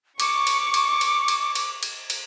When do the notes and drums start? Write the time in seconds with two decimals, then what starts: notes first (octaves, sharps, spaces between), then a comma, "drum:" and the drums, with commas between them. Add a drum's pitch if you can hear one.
0.20 C#6 D6, drum: cymbal
0.47 drum: cymbal
0.74 drum: cymbal
1.01 drum: cymbal
1.28 drum: cymbal
1.55 drum: cymbal
1.83 drum: cymbal
2.10 drum: cymbal